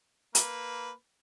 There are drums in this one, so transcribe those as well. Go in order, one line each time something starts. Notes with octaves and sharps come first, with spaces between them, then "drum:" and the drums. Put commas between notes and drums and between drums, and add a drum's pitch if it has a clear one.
A#3 B4, drum: hi-hat